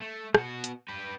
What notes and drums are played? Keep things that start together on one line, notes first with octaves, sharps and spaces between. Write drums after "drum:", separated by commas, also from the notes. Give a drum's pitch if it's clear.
A3
B2 F#4, drum: rim click
drum: hi-hat
G4 B4